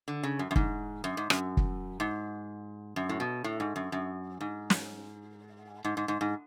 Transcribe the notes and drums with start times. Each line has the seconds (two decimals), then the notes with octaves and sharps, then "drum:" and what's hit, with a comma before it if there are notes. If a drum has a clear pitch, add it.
0.08 D3
0.23 C#3
0.39 F#2
0.51 F#2
0.56 G#2, drum: kick
1.04 F#2
1.17 G#2
1.30 F#2, drum: rim click
1.57 drum: kick
2.00 G#2
2.96 F#2
3.09 A2
3.20 B2
3.44 A2
3.60 G#2
3.76 F#2
3.92 F#2
4.41 G#2
4.70 drum: snare
5.84 G#2
5.97 G#2
6.08 G#2
6.21 G#2